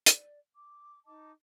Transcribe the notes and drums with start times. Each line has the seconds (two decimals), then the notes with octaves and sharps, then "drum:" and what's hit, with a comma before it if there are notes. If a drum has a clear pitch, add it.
0.06 D5, drum: hi-hat
0.53 D6
1.05 D#4 D#5 A5 D6